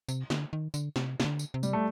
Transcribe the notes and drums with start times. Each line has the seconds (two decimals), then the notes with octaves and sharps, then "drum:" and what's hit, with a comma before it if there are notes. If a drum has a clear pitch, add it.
0.09 C3, drum: tambourine
0.30 D3, drum: snare
0.53 D#3
0.74 D3, drum: tambourine
0.96 C3, drum: snare
1.20 C3, drum: snare
1.25 D3
1.39 drum: tambourine
1.54 C3
1.63 G3, drum: tambourine
1.73 A3